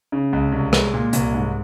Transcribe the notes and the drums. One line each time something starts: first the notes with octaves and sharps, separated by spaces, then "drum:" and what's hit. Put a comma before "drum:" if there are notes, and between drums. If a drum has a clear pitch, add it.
C#3
C#2
C2
G#3, drum: rim click
A#2
C2, drum: hi-hat
G#2